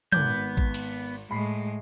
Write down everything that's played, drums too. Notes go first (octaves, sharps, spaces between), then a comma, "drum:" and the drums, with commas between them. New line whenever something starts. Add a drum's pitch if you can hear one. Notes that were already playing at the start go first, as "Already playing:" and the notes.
G#1 B3 D6 F#6 G6, drum: tom
drum: kick A1
drum: cymbal
A2 G#3 B5 C7